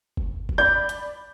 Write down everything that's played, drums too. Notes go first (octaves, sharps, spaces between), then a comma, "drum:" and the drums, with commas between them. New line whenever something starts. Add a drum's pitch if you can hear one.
drum: kick G1
drum: kick G1
D5 B5 G6
drum: hi-hat